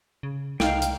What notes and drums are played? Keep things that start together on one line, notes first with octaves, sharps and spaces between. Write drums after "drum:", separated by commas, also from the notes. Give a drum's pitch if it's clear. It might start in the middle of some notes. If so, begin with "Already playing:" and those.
C#3
C2 D#4 F5 G5, drum: snare
drum: hi-hat